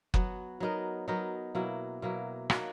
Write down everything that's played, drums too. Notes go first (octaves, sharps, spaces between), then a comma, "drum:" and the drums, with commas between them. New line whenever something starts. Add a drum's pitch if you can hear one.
F#3 B3 F#4, drum: kick F#1
F#3 B3 D#4 A#4
F#3 B3 D#4 A#4
B2 F#3 A#3 E4
B2 F#3 A#3 E4
A#3 D#4 F#4 C#5, drum: rim click